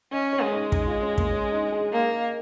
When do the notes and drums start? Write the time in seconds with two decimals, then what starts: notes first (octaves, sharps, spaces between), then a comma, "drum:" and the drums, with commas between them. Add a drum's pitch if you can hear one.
0.12 C#4 D#5
0.33 C#5
0.42 G#3
0.47 C#4
0.52 D#4
0.72 D#4, drum: kick
0.87 F4
1.03 C#4
1.18 A#3, drum: kick
1.32 C#4
1.52 D#4
1.72 G#4
1.92 A#3